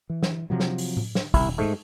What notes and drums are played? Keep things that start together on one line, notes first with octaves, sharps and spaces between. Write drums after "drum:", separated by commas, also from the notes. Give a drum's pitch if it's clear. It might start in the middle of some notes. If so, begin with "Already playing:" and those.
E3
drum: snare
C3 F3 F#3
drum: snare
drum: open hi-hat
drum: tom A2
drum: snare
D#1 C2 E4, drum: kick, open hi-hat
G#2 A3